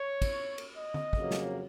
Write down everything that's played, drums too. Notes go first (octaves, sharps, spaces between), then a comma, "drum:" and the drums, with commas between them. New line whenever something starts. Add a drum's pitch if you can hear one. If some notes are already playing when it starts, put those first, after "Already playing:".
Already playing: C#5
drum: kick, cymbal
drum: cymbal
D#5
drum: tom D3
F2 C#3 F#3 A#3, drum: kick
drum: snare